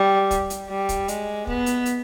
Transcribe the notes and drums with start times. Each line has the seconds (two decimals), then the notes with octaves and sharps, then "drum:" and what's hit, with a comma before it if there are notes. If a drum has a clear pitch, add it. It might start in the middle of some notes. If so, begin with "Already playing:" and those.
Already playing: G3
0.31 drum: kick, hi-hat
0.50 drum: hi-hat
0.70 G3
0.89 drum: kick, hi-hat
1.08 G#3, drum: hi-hat
1.47 B3, drum: kick
1.66 drum: hi-hat
1.86 drum: hi-hat